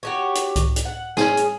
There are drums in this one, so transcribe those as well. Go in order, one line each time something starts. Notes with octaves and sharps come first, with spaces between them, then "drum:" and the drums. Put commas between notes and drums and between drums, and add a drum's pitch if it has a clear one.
F#4 G4 C#5
drum: hi-hat
drum: kick C2, hi-hat
drum: hi-hat
F#5
C#4 G#4, drum: snare
drum: hi-hat